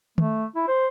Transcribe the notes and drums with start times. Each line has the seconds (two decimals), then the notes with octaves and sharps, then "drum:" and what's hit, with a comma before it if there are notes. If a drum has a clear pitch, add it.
0.18 A3, drum: tom D#3
0.56 E4
0.68 C5